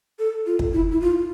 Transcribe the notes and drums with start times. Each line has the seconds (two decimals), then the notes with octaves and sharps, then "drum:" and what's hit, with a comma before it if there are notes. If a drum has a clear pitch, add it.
0.19 A4
0.46 F4
0.59 drum: kick
0.73 E4
0.91 E4
1.01 F4